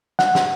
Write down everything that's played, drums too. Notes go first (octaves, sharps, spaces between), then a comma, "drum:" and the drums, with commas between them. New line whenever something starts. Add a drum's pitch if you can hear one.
F#5, drum: snare
drum: snare